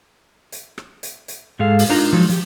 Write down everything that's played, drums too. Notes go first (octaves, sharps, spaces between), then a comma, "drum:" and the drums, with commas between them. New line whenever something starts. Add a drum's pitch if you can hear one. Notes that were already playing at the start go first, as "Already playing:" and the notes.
drum: hi-hat
drum: rim click
drum: hi-hat
drum: hi-hat
G#2 G#3 G#4 A4 F5
drum: open hi-hat
D4 D#4 F4 A#4 A#5
F3 F#3 G#3 D#4
F3 G4, drum: hi-hat